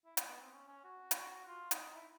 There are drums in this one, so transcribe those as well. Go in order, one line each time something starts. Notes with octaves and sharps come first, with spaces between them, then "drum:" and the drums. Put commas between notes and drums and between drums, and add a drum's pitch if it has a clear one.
E4
D#4, drum: hi-hat
B3
C4
C#4
C#4
F#4
drum: hi-hat
F4
D#4, drum: hi-hat
E4